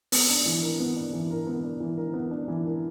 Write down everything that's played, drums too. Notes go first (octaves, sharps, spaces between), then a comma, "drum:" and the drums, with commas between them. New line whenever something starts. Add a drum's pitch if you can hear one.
B3, drum: open hi-hat
D4
E3
A#4
B3
D4
E3
A#4
B3
D4
E3
A#4
B3
D4
E3
A#4